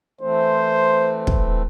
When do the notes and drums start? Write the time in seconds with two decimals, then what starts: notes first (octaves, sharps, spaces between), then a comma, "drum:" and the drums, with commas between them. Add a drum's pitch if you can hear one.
0.21 E3 A3 C4 C5
1.27 drum: kick